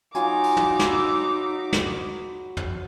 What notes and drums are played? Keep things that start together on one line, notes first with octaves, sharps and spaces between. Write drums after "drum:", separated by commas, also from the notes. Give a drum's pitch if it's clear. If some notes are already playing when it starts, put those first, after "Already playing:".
F#3 D#4 F4 G#5 D6, drum: hi-hat
drum: open hi-hat
drum: tom
B5 C6 E6, drum: snare
drum: snare
drum: tom